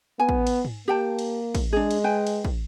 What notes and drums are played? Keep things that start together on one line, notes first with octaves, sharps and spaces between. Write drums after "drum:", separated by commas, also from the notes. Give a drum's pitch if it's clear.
B3 G#5
drum: kick
drum: cymbal
drum: tom G#2
A#3 G4 G5 A5
drum: cymbal
drum: kick, cymbal
G#3 D4 G#4
drum: cymbal
B4 G5 G#5
drum: cymbal
drum: kick